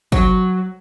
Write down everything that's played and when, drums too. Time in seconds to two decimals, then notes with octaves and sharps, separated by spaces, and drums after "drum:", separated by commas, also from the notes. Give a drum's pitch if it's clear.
0.12 F#3, drum: kick